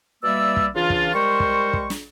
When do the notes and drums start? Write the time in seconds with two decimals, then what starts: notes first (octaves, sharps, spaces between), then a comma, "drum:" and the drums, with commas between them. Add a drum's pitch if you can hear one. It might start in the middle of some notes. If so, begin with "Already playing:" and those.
0.23 B2 G3 A#3 D5 E5 E6
0.56 drum: kick
0.75 C#3 E3 D4 F4
0.90 drum: kick
1.14 G3 G#3 A#4 C5 C#6
1.40 drum: kick
1.73 drum: kick
1.90 drum: snare